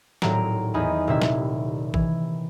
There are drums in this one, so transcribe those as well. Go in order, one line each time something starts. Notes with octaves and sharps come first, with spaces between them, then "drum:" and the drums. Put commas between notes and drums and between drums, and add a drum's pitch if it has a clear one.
D#1 A2 F#3 C4 A#5 D7, drum: snare
E2 D#4 G#5 B5
D#1 C3 C4 E4 E5
drum: snare
E3, drum: kick